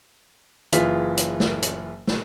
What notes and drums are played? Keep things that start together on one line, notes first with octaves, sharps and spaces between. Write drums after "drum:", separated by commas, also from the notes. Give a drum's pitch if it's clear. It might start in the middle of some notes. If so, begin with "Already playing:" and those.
F#1 E3 F4 G#4 B6, drum: hi-hat
drum: hi-hat
drum: snare
drum: hi-hat
drum: snare